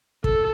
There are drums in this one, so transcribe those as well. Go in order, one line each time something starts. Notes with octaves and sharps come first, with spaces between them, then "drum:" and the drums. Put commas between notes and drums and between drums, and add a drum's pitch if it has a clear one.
A4, drum: kick